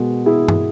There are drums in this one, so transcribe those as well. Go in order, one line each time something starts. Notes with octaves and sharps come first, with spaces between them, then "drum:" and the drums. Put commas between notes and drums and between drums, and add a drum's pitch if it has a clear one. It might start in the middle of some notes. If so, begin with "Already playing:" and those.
Already playing: B2 G#3 F#4 A#4
E4 G#4
drum: tom G2